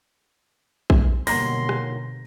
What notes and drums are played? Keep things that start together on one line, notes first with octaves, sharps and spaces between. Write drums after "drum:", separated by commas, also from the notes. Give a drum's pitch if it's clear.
drum: kick
G1 D#2 B2 F#3 A#3 A#5 C6 A#6, drum: open hi-hat
drum: rim click